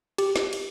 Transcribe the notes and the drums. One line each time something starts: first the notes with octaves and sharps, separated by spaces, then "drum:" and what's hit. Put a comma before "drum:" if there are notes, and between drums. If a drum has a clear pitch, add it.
G4, drum: cymbal
drum: snare
drum: cymbal